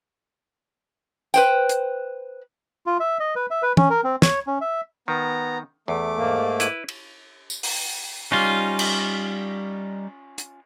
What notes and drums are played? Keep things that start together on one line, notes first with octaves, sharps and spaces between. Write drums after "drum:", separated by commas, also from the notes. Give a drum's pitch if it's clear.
B4 C5 G5, drum: tambourine
drum: hi-hat
F4
E5
D#5
B4
E5
B4
C#4, drum: tom
A#4
C4
C#5, drum: snare
C#4
E5
D#3 B3 A#5
E2 A3 D6
G#2 A#3
E4 B4, drum: hi-hat
drum: cymbal
drum: tambourine
drum: open hi-hat
G3 C#4 D#4 F4
drum: cymbal
drum: hi-hat